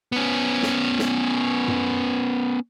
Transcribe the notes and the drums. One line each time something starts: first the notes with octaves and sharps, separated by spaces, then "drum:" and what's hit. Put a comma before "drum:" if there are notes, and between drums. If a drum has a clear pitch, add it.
B3 C#4
drum: snare
drum: snare
drum: tom F#2